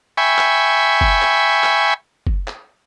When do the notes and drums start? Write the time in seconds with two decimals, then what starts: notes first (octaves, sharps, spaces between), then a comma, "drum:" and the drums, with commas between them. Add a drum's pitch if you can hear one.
0.17 E5 G5 G#5 B5 C#6
0.38 drum: clap
1.01 drum: kick
1.22 drum: clap
1.64 drum: clap
2.27 drum: kick
2.47 drum: clap